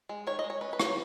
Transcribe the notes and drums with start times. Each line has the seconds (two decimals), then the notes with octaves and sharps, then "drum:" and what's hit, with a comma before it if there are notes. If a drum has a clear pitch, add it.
0.09 G#3
0.27 D#3 C#5
0.39 D#5
0.44 G#3
0.50 C#5
0.61 C#4 B4
0.73 B4
0.80 F#3, drum: rim click
0.85 C#5